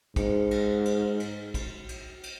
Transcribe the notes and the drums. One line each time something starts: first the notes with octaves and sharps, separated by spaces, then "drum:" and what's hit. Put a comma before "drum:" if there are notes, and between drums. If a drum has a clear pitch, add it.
G#2, drum: kick, cymbal
drum: cymbal
drum: cymbal
drum: cymbal
drum: kick, cymbal
drum: cymbal
drum: cymbal